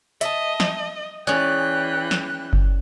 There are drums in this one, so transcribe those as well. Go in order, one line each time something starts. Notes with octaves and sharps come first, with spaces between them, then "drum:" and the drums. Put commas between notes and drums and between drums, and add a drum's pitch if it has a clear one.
D#5 E5 A5, drum: hi-hat
drum: snare
E3 C#4 G#4 D5 G5 F#6
drum: snare
drum: kick F#1